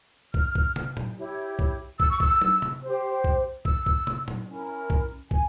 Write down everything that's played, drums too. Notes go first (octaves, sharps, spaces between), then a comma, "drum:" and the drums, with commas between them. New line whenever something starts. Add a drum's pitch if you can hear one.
F6, drum: kick
drum: kick
drum: tom
drum: tom
E4 G4 C#5
drum: kick
E6, drum: kick
C#6
E6, drum: kick
drum: tom
drum: tom
G4 C5
drum: kick
E6, drum: kick
drum: kick
drum: tom
drum: tom
C#4 E4 A#4
drum: kick
G#5, drum: kick